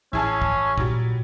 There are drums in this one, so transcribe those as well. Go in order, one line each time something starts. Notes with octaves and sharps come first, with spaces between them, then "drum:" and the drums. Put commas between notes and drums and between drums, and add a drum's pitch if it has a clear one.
A1 C#4 E4 G#4 A5
drum: kick
A#2 F#3 G3, drum: kick